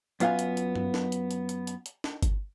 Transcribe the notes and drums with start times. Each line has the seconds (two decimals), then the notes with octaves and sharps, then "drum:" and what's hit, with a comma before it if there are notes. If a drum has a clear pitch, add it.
0.20 F#2 B3 F4 F5 F#5 G#5, drum: hi-hat
0.39 drum: hi-hat
0.57 drum: hi-hat
0.75 drum: tom G2
0.94 drum: snare
1.12 drum: hi-hat
1.31 drum: hi-hat
1.49 drum: hi-hat
1.67 drum: hi-hat
1.86 drum: hi-hat
2.04 drum: snare
2.22 drum: kick G1, hi-hat